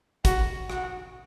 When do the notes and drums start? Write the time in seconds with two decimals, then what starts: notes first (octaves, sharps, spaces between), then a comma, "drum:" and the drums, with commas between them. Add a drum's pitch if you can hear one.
0.25 F#4, drum: kick, hi-hat
0.70 F#4, drum: rim click